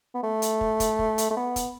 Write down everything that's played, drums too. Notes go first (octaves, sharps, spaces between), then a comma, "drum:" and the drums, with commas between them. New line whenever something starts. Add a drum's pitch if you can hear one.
B3
A3
drum: hi-hat
drum: kick
drum: kick, hi-hat
drum: kick
drum: hi-hat
A3
B3
drum: kick, hi-hat